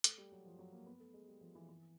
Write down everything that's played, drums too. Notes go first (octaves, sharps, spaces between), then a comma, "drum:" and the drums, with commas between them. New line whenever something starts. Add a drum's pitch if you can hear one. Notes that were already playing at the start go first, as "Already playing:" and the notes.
A3, drum: hi-hat
G3
F#3
F3
F#3
A#3
B3
A3
G#3
G3
F3
E3
E3